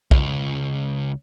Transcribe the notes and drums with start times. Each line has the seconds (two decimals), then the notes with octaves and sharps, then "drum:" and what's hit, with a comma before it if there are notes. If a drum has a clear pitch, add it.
0.11 C#2, drum: kick